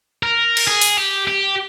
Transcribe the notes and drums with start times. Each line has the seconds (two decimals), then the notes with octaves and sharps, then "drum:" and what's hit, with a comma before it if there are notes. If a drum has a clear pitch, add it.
0.23 A#4
0.57 drum: cymbal
0.68 G#4
0.81 drum: open hi-hat
0.97 G4
1.27 G4